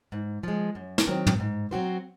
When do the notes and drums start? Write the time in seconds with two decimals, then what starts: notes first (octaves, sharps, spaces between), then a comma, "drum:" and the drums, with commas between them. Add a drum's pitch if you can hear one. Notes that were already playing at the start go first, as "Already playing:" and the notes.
0.12 G#2
0.43 F3 G#3
0.75 F#2
0.98 drum: snare
1.07 D#3 F#3 C4
1.27 drum: tom
1.40 G#2
1.71 F#3 C4 F#4 C5